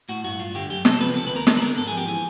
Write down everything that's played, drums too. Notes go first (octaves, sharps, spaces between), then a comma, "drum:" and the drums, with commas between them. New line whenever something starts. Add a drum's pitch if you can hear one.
A2 F#4
G2 F#4
G2 F4
D3 G4
F#2 G4
C3 A4, drum: snare
F3 B4
C#3 A4
B4
D#2 A#4
D3 A4, drum: snare
B4
D3 A#4
G#2 A4
G#4
F3
G4
E3 G#4